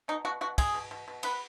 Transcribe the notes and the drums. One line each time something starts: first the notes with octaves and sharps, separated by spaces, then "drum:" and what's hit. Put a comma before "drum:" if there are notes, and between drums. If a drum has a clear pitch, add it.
B2 D#4
B2 F#4
B2 F#4
G#3 G#4, drum: kick, cymbal
B2
B2
B2
B3 B4, drum: cymbal